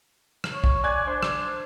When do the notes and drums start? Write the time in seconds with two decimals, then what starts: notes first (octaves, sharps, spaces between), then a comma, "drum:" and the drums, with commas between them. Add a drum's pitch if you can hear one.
0.44 drum: rim click
0.54 C#5
0.64 drum: kick
0.83 D5 G#5 F#6 G#6
1.07 D4 C5
1.23 drum: rim click